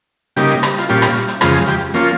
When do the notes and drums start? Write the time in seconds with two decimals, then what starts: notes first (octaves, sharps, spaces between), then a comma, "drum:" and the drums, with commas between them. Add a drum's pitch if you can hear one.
0.36 C#3 G3 A#3 D#4 G4, drum: hi-hat
0.50 drum: hi-hat
0.63 drum: rim click
0.78 F4, drum: hi-hat
0.89 A#2 G3 C#4 F4 G4, drum: hi-hat
1.02 drum: rim click
1.15 drum: hi-hat
1.28 drum: hi-hat
1.41 F2 C#3 F3 G#3 F4, drum: rim click
1.54 drum: hi-hat
1.67 G4, drum: hi-hat
1.94 F3 A#3 C#4 F4, drum: hi-hat